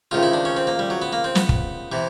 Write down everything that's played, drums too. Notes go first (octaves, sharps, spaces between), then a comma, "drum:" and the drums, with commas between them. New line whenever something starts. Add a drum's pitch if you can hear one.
C#2 C3 D#3 F4
E4
D4
C#4
C4
A#3
G3
F#3
B3
A#3
C4
B3, drum: snare
drum: kick
C3 E3